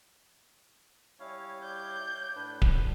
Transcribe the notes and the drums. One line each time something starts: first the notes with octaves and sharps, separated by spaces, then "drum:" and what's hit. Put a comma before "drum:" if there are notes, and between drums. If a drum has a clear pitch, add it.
G3 C#4 E4 C#5 F5
D5 G6
A2 D4 B4
drum: kick D1